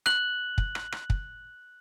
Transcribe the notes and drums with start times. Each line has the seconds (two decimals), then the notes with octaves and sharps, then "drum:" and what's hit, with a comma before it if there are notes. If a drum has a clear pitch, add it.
0.06 F#6 F#7, drum: rim click
0.58 drum: kick
0.75 drum: rim click
0.92 drum: rim click
1.10 drum: kick